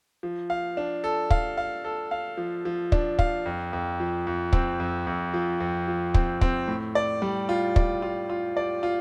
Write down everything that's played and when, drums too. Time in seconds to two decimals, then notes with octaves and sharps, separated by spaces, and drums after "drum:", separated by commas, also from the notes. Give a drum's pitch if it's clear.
0.23 F3
0.50 F5
0.77 D4
1.04 A4
1.30 F5, drum: kick
1.57 F5
1.84 A4
2.11 F5
2.37 F3
2.65 F3
2.92 D4, drum: kick
3.19 F5, drum: kick
3.46 F2
3.73 F2
4.00 F3
4.27 F2
4.53 C4, drum: kick
4.80 F2
5.07 F2
5.34 F3
5.60 F2
5.87 F3
6.14 C4, drum: kick
6.41 C4, drum: kick
6.68 A2
6.95 D5
7.22 G3
7.49 F4
7.76 D5, drum: kick
8.02 F4
8.30 F4
8.57 D5
8.83 F4